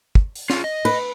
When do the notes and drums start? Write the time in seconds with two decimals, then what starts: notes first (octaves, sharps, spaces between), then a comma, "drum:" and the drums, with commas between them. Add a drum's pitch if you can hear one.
0.15 drum: kick
0.35 drum: open hi-hat
0.50 F4 G#4, drum: snare
0.64 D#5
0.85 B4, drum: cymbal